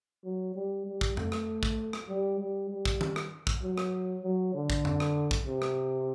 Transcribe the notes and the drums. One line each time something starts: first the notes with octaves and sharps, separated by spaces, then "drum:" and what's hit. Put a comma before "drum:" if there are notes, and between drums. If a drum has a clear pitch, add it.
F#3
G3
G3
drum: kick
A3, drum: tom F2
drum: rim click
drum: kick
drum: rim click
G3
G3
G3
drum: kick
drum: tom D#3
drum: rim click
drum: kick
F#3
drum: rim click
F#3
D3
drum: kick
drum: tom F2
drum: rim click
drum: kick
C3
drum: rim click